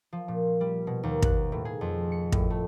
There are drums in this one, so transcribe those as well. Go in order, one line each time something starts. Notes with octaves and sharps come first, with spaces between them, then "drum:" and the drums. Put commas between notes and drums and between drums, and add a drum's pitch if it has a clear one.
F3
A#2
G3
B2
D#2
F#6, drum: kick
A2
G#4
F2
C#7
A2, drum: kick
A3